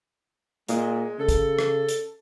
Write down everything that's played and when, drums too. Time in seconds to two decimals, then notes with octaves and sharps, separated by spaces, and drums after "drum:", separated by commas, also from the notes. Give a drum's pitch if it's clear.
0.69 A#2 G#3, drum: hi-hat
1.19 C#3 A4
1.29 drum: kick, hi-hat
1.59 drum: rim click
1.89 drum: hi-hat